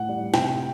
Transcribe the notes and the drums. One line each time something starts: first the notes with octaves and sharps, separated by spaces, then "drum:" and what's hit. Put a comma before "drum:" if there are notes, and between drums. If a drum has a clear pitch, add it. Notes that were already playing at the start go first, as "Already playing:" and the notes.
Already playing: A2 F#5
G3
C3 G5, drum: snare